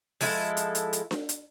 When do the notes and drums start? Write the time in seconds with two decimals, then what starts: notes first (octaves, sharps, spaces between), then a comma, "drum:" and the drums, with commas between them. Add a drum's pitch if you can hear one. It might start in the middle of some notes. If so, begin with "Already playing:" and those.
0.21 F3 G#3 E4 A4, drum: open hi-hat
0.57 drum: hi-hat
0.75 drum: hi-hat
0.93 drum: hi-hat
1.11 drum: snare D4
1.29 drum: hi-hat